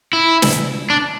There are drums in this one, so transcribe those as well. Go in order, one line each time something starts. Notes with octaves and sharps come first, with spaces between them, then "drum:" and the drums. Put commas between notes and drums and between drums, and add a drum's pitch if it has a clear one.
E4
drum: snare
D4